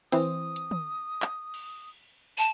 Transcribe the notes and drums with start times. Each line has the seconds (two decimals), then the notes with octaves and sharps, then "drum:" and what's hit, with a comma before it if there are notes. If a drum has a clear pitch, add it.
0.12 E3 C4 D#6, drum: open hi-hat
0.56 drum: hi-hat
0.71 drum: tom
1.22 drum: clap
1.54 drum: cymbal
2.38 A5